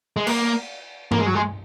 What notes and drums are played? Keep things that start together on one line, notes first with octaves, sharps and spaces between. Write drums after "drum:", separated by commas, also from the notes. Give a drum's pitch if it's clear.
G#3
A#3, drum: cymbal
A#3, drum: tom G2
G#3
F#3
G#3